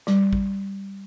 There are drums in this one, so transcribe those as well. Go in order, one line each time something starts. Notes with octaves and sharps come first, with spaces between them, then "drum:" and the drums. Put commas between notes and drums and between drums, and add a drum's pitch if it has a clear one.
G3, drum: snare
drum: kick A1